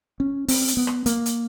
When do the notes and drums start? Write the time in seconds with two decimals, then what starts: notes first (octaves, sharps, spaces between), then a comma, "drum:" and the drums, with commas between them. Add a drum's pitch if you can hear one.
0.20 C#4
0.48 C4, drum: open hi-hat
0.68 drum: hi-hat
0.77 B3
0.87 drum: rim click
1.06 A#3, drum: hi-hat
1.26 drum: hi-hat